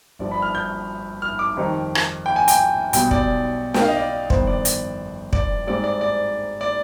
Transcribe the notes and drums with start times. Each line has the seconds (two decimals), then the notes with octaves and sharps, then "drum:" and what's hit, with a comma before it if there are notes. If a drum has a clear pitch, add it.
0.19 G1 G2 F3 D5
0.31 B5
0.42 F6
0.55 G6
1.22 F6
1.39 D6
1.57 F2 D#3 G3 C4 D#4
1.95 drum: rim click
2.26 G5
2.36 G#5
2.48 G5, drum: hi-hat
2.93 B1 B2 G3 G5, drum: hi-hat
3.11 D5, drum: kick
3.74 G5, drum: snare
3.82 F5
3.88 D#5
3.97 D5
4.30 G1 F2 D#3 B3 C5, drum: kick
4.47 D5
4.65 drum: hi-hat
5.33 D5, drum: kick
5.67 G#2 G3 C4 D5
5.84 D5
6.01 D5
6.61 D5